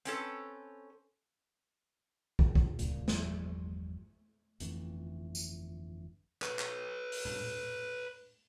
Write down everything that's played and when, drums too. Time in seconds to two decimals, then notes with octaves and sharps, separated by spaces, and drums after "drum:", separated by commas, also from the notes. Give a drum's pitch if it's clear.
0.05 C4 C#4 A4 B4, drum: hi-hat
2.39 drum: kick
2.55 drum: kick
2.79 D1 C#2 G2 A#2, drum: hi-hat
3.08 G1 E2 F3 G3, drum: snare
4.60 G1 F2 E3 A3, drum: hi-hat
5.35 drum: tambourine
6.42 B4 C#5, drum: clap
6.59 drum: clap
7.12 drum: open hi-hat
7.25 drum: tom A2